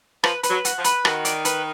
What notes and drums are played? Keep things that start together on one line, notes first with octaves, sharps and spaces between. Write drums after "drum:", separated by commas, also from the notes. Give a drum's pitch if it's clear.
F3 B4, drum: rim click
B4, drum: hi-hat
F#3
F#4, drum: hi-hat
F3
B4, drum: hi-hat
D#3 F#4, drum: rim click
D5, drum: hi-hat
B4, drum: hi-hat